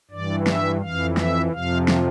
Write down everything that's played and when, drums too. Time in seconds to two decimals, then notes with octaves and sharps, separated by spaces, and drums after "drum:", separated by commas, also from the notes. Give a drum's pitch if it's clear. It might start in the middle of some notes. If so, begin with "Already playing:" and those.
0.10 G2 E3 D5
0.47 E5, drum: snare
0.81 F2 E3 F5
1.17 E5, drum: snare
1.52 F2 C3 F3 F5
1.88 drum: snare